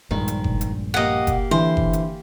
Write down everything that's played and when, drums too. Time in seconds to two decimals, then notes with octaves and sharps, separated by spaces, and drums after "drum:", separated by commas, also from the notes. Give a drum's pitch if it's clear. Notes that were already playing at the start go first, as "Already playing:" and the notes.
0.11 A#1 G2 D#3 G#3
0.28 drum: hi-hat
0.44 drum: kick F#1
0.61 drum: hi-hat
0.94 A#3 G4 D#5 F#5
1.27 drum: kick F#1, hi-hat
1.51 D3 E3 C5
1.77 drum: kick F#1
1.93 drum: hi-hat